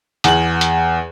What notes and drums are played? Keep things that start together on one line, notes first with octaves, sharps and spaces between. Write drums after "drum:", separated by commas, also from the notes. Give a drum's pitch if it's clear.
E2 F#7, drum: hi-hat
drum: hi-hat